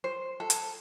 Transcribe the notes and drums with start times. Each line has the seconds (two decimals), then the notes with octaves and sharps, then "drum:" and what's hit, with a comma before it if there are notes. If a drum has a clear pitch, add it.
0.04 C5
0.40 A4
0.50 drum: hi-hat